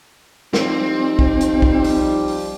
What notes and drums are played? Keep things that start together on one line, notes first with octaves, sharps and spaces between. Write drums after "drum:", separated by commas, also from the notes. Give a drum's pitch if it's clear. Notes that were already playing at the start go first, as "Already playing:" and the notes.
F3 G3 C4 D#4, drum: snare
drum: kick
drum: hi-hat
drum: kick
drum: open hi-hat
drum: open hi-hat